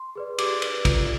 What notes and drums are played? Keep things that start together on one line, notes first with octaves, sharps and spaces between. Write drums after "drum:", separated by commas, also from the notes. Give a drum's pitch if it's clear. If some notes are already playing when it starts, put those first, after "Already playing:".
Already playing: C6
G#4 B4 D5
G4 D6, drum: cymbal
B4 D5, drum: cymbal
F4, drum: kick, cymbal